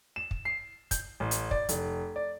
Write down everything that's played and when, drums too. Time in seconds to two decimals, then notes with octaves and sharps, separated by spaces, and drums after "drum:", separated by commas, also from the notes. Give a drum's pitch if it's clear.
0.16 E7
0.31 drum: kick
0.45 C7
0.91 G6, drum: kick, hi-hat
1.20 A1
1.31 drum: hi-hat
1.51 D5, drum: kick
1.69 F1, drum: hi-hat
2.16 D5